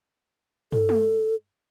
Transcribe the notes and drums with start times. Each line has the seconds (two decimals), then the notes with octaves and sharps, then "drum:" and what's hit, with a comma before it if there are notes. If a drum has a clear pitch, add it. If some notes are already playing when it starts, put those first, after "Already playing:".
0.72 A4, drum: tom
0.89 drum: tom G#3